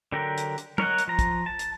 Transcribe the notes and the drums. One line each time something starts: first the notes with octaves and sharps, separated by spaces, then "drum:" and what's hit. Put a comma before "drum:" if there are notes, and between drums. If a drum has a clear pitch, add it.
D3 F#3 G4 A#4
drum: hi-hat
drum: hi-hat
A#4 C#5 D#5 F#5, drum: tom
drum: hi-hat
F3 A#5
drum: kick, hi-hat
A5
drum: hi-hat